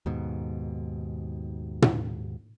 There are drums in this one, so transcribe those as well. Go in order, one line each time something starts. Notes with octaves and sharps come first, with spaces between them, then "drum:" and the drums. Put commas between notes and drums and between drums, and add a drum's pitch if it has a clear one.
D#2 G#2 B2
drum: tom